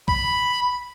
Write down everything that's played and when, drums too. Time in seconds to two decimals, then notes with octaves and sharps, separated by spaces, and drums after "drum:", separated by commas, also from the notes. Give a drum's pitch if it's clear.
0.08 B5, drum: kick